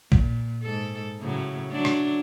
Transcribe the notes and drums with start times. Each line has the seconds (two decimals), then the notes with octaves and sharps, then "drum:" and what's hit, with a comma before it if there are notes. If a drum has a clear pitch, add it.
0.12 A#2, drum: kick
0.62 G#2 A4
1.21 A2 C#3 F#3
1.71 F#3 A3 D4
1.85 drum: rim click